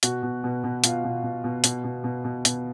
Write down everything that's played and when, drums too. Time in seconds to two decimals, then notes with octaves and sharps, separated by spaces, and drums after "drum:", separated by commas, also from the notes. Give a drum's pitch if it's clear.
0.03 B2 F#4, drum: hi-hat
0.23 B2
0.44 B2
0.64 B2
0.84 B2 F4, drum: hi-hat
1.04 B2
1.23 B2
1.44 B2
1.64 B2, drum: hi-hat
1.84 B2
2.04 B2
2.24 B2
2.45 B2, drum: hi-hat